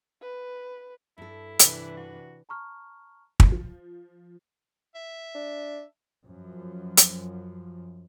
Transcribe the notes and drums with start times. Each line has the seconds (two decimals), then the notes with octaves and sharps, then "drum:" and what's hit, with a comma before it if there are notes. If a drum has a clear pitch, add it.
0.21 B4
1.18 G2 E4 A4
1.59 C3 E3 D4 B4, drum: hi-hat
1.97 F#4
2.49 A5 A#5 C#6 F6
3.40 drum: kick
3.52 F3
4.95 E5
5.34 D4
6.25 F#2 F3
6.97 drum: hi-hat